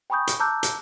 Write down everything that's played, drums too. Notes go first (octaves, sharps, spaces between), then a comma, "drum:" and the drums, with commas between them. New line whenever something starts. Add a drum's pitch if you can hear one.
G5 G#5 B5 C#6 D#6 G6
drum: hi-hat
A5 A#5 D6 E6 F#6 G6
drum: hi-hat